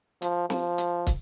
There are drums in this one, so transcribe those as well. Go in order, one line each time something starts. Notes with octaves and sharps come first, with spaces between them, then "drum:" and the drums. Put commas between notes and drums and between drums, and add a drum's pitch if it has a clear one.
F3, drum: hi-hat
F3, drum: snare
drum: hi-hat
drum: kick, hi-hat